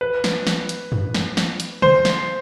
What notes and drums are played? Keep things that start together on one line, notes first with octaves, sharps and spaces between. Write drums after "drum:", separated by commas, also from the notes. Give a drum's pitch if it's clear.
B4
drum: snare
drum: snare
drum: hi-hat
drum: tom F#2
drum: snare
drum: snare
drum: hi-hat
C5, drum: tom C3
drum: snare